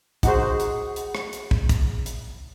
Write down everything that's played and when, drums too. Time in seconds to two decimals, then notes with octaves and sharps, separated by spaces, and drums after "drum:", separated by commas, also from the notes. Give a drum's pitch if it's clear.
0.23 D#4 F#4 G#4 C5 F#5, drum: kick, hi-hat
0.60 drum: hi-hat
0.96 drum: hi-hat
1.15 drum: rim click
1.33 drum: hi-hat
1.51 drum: kick
1.69 drum: kick, hi-hat
2.06 drum: hi-hat